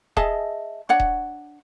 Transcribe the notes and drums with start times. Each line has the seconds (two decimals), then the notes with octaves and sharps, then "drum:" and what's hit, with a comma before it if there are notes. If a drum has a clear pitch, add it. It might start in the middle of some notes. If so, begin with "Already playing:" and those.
0.17 G#4 D#5 E5 A5, drum: kick D#1
0.89 D4 C#5 F#5
1.00 drum: kick D#1